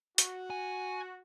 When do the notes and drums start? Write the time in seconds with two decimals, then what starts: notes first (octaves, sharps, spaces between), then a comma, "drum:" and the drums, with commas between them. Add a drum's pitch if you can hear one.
0.18 F#4, drum: hi-hat
0.50 G#5